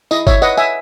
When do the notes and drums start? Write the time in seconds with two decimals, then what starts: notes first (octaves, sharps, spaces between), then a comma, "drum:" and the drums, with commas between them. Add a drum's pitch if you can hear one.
0.11 E4 D#5, drum: tambourine
0.27 C#5 E5, drum: kick G#1, tambourine
0.42 B4 D#5 F#5, drum: tambourine
0.57 E5 G#5, drum: tambourine